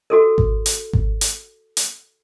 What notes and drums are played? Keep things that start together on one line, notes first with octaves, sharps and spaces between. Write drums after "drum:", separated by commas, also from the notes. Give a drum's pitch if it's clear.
F#4 A4 A#4
drum: kick G#1
drum: hi-hat
drum: kick G#1
drum: hi-hat
drum: hi-hat